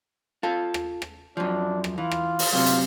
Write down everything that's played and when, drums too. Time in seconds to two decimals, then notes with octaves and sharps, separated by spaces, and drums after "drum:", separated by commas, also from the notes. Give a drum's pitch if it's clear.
0.43 F4 A4
0.74 drum: rim click
1.02 drum: rim click
1.37 F#2 F3 D4
1.84 drum: rim click
1.98 E3 F4
2.11 drum: rim click
2.39 drum: open hi-hat
2.53 F#2 C3 F4
2.66 drum: hi-hat